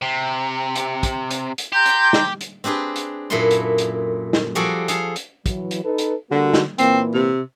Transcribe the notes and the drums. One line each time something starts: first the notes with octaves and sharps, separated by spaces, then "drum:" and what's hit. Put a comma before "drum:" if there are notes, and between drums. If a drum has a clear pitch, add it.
C3
drum: hi-hat
drum: kick, hi-hat
drum: hi-hat
drum: hi-hat
G4 A#5 C6 G6
drum: hi-hat
drum: snare
drum: hi-hat
C4 D4 G4 G#4 B4
drum: hi-hat
F#2 A#2 E4 A4 B4 C6
drum: hi-hat
drum: hi-hat
drum: snare
F3 G3 F#4 G#4 A4 D5
G#4 A4 F5, drum: hi-hat
drum: hi-hat
E3 F#3, drum: kick, hi-hat
drum: hi-hat
D#4 A4 B4
drum: hi-hat
D3 G3 A#3 F#4
drum: snare
A#2 E3 A#3 C4, drum: hi-hat
C3